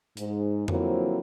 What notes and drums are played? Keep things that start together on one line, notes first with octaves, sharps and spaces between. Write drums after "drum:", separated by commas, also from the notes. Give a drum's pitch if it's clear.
G#2, drum: hi-hat
D3 F3 F#3 A#3 C4 E4, drum: tom F2